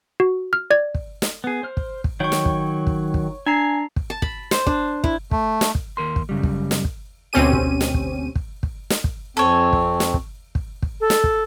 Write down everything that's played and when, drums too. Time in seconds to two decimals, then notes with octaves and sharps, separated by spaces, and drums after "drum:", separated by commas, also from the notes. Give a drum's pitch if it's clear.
0.20 F#4
0.53 F6
0.71 D5 G#6
0.95 drum: kick
1.22 drum: snare
1.44 B3 G#4
1.63 C5 F6
1.77 drum: kick
2.04 drum: kick
2.20 D#3 F#3 C#5 G5 C#6
2.32 drum: snare
2.45 drum: kick
2.87 drum: kick
3.14 drum: kick
3.47 D4 G#5 A#5 C7
3.96 drum: kick
4.10 A5
4.22 B5, drum: kick
4.51 C5, drum: snare
4.67 D4, drum: kick
5.04 E4, drum: kick
5.31 A3, drum: kick
5.61 drum: snare
5.75 drum: kick
5.97 D#2 A#4 C6
6.16 drum: kick
6.29 F#2 C#3 G3
6.43 drum: kick
6.71 drum: snare
6.85 drum: kick
7.33 D2 B2 C4 C#4 G4 D#7
7.53 drum: kick
7.81 drum: snare
7.94 drum: kick
8.35 drum: kick
8.63 drum: kick
8.90 drum: snare
9.04 drum: kick
9.37 F2 C4 A4 C#5 G#5
9.73 drum: kick
10.00 drum: snare
10.14 drum: kick
10.55 drum: kick
10.82 drum: kick
11.01 A4
11.10 drum: snare
11.24 drum: kick